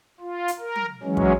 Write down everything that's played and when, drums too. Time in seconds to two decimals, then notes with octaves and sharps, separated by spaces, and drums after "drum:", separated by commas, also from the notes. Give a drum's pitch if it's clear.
0.20 F4
0.48 drum: hi-hat
0.59 A#4
0.76 drum: tom F#3
1.03 E3 F#3 G#3 C#4
1.17 drum: kick